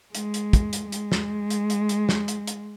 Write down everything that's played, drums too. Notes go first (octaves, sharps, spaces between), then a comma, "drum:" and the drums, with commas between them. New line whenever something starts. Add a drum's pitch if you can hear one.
G#3, drum: hi-hat
drum: hi-hat
drum: kick, hi-hat
drum: hi-hat
G#3, drum: hi-hat
drum: snare
drum: hi-hat
drum: hi-hat
drum: hi-hat
drum: snare
drum: hi-hat
drum: hi-hat